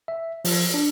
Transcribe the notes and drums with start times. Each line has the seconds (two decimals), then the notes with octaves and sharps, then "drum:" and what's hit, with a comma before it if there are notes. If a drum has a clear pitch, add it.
0.08 E5
0.45 F3, drum: open hi-hat
0.74 D4